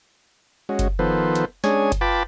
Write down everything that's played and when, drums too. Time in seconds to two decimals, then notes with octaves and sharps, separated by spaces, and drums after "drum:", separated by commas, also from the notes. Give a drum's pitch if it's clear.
0.69 G#3 C#4 F#4
0.79 drum: kick F#1, hi-hat
0.99 D#3 F3 B3 A4 B4 C5
1.35 drum: hi-hat
1.64 G#3 C#4 D4 G#4 C#5 G#5, drum: snare
1.92 drum: kick F#1, hi-hat
2.01 F4 B4 G5 A5 B5 D6